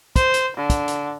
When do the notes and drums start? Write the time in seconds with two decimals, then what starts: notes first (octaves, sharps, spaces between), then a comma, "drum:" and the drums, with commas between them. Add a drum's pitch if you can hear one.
0.16 C5, drum: kick, hi-hat
0.34 drum: hi-hat
0.57 D3
0.70 drum: kick, hi-hat
0.88 drum: hi-hat